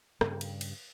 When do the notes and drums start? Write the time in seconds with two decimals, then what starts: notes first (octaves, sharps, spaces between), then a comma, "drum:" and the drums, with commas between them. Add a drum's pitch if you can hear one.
0.21 G2 C#3 G3, drum: rim click
0.41 drum: cymbal
0.61 drum: cymbal